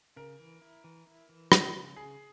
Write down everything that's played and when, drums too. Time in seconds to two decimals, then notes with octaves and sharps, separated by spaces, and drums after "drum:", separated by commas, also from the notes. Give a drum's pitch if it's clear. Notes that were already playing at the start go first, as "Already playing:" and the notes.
0.16 C#3 A#4
0.39 E3
0.62 E4
0.84 E3
1.07 E4
1.29 E3
1.52 E4, drum: rim click
1.73 C#3
1.96 C#3 G#4